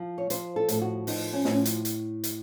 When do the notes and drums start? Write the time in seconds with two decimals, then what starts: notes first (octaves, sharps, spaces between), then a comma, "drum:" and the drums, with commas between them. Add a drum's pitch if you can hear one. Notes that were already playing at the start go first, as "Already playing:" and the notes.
Already playing: F3
0.18 C#5
0.30 F3 C5, drum: hi-hat
0.56 A4
0.68 A2 A4, drum: hi-hat
0.82 F#4
1.07 F3 D#4, drum: open hi-hat
1.33 C#4
1.45 A2 C4, drum: snare
1.51 C#4
1.65 drum: hi-hat
1.85 drum: hi-hat
2.24 drum: hi-hat